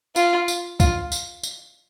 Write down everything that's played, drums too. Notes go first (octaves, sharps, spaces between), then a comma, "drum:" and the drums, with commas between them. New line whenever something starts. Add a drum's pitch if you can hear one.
F4, drum: tambourine
drum: tambourine
F4, drum: kick, tambourine
drum: tambourine
drum: tambourine